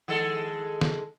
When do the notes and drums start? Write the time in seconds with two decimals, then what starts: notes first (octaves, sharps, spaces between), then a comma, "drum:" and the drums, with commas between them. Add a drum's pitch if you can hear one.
0.08 D#3 G#3 A4
0.81 drum: snare